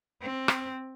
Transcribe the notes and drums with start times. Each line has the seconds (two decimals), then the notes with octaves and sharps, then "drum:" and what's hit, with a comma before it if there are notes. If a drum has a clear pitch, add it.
0.21 C4
0.48 drum: rim click